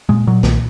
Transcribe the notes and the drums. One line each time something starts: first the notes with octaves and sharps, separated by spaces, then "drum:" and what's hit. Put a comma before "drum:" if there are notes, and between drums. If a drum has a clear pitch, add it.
A#2 G#3
A#2 F#3
B1 D#3, drum: snare